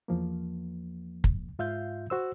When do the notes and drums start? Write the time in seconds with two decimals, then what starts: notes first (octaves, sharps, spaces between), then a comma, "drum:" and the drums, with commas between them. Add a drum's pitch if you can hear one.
0.08 E2 F3 A#3
1.24 drum: kick
1.59 G#2 F4 E5 F5 G6
2.10 F#4 C5 E6